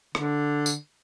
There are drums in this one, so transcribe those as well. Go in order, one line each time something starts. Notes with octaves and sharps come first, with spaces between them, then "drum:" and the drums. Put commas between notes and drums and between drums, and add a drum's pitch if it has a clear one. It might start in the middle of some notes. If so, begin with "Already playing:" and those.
D3, drum: rim click
drum: tambourine